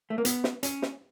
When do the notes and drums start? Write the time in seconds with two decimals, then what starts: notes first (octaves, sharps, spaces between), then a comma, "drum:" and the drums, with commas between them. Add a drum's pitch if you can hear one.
0.10 A3
0.18 A#3
0.25 B3, drum: hi-hat
0.44 drum: snare
0.63 C#4, drum: hi-hat
0.82 drum: snare